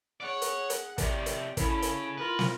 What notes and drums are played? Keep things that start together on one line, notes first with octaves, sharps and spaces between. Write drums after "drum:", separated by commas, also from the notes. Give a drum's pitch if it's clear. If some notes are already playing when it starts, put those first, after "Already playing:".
G#4 C#5 D5 F#5
drum: hi-hat
drum: hi-hat
A2 C3 G4 D5, drum: kick, hi-hat
drum: hi-hat
C#3 E4 A4, drum: kick, hi-hat
drum: hi-hat
F4 A#4 B4
drum: snare